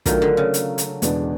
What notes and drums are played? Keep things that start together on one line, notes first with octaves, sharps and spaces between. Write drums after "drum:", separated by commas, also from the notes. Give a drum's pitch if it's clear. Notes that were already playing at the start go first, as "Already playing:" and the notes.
D#3 F#3 A3 D4 F4, drum: kick, hi-hat
D3
C#3
drum: hi-hat
drum: hi-hat
E2 B2 G#3 B3 D4, drum: hi-hat